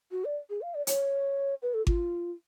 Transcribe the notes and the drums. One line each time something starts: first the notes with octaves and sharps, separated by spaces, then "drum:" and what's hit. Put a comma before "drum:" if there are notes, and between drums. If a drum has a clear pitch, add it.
F#4
D5
G#4
F5
D5
C#5, drum: hi-hat
B4
A4
F4, drum: kick G#1